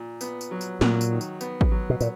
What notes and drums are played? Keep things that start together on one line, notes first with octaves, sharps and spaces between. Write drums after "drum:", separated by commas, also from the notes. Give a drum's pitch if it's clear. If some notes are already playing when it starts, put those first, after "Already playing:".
Already playing: A#2
B3, drum: tambourine
drum: tambourine
F#3
drum: tambourine
A#2 F#3, drum: snare
drum: tambourine
D#3
drum: tambourine
B3, drum: tambourine
drum: kick
F#3
B2
A#2, drum: tambourine